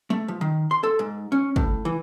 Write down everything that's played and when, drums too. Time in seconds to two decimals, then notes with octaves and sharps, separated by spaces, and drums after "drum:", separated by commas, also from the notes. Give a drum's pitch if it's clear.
0.10 A3
0.28 F3
0.41 D#3
0.71 C6
0.83 A4
0.99 G#2
1.32 C#4
1.56 A2, drum: kick
1.85 E3